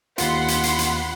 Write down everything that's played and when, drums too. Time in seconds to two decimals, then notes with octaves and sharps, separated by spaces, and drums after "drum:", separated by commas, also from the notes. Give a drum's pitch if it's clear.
0.18 D#2 F4 F#5 B5 C6, drum: hi-hat
0.48 drum: hi-hat
0.63 drum: hi-hat
0.79 drum: hi-hat